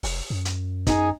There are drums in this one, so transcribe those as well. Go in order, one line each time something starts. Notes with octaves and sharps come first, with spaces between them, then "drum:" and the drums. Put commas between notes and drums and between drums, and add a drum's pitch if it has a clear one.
F1, drum: open hi-hat
F#2
drum: hi-hat
D#4 G#4, drum: kick, hi-hat